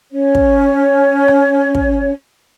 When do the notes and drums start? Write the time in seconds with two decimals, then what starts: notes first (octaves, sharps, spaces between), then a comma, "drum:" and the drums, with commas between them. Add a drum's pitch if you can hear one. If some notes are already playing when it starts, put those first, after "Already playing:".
0.11 C#4 C#5
0.35 drum: kick
1.28 drum: rim click
1.75 drum: kick